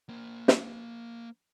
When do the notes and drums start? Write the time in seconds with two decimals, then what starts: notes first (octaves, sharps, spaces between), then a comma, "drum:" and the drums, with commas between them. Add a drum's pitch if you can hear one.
0.09 A#3 C5
0.48 drum: snare